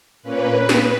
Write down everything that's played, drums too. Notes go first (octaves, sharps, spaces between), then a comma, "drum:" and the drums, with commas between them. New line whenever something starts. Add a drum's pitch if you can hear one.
A#2 A#3 C#4 B4
drum: snare